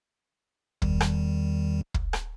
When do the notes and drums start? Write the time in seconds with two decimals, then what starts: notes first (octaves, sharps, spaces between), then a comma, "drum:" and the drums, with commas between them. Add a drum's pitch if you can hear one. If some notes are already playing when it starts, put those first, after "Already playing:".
0.82 E2 D#3 G3, drum: kick
1.00 drum: rim click
1.94 drum: kick
2.13 drum: rim click